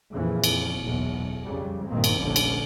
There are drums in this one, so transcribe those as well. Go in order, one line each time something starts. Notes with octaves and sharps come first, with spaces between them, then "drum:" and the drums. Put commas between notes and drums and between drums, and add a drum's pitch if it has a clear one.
F2 A#2 C#3 E3 F3
F2, drum: cymbal
F#1 B1 E2
F2 C#3 G3
G1 C2 A#2 D#3 A#3 C4
drum: cymbal
F1 A#1 F2 D3 C#4
drum: cymbal